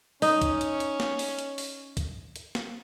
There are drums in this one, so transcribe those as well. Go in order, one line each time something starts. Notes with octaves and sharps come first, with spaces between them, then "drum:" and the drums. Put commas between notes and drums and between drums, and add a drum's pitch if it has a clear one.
C#4 D#4, drum: open hi-hat
drum: kick, hi-hat
drum: hi-hat
drum: hi-hat
drum: snare
drum: open hi-hat
drum: hi-hat
drum: open hi-hat
drum: kick, hi-hat
drum: hi-hat
drum: snare